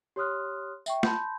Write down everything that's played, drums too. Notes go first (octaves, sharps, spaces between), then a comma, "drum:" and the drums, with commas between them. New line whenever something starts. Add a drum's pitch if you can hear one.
G4 C#5 C6 D#6 F6 F#6
E5 G5 C#6, drum: tambourine
A5 B5 C6 G6, drum: snare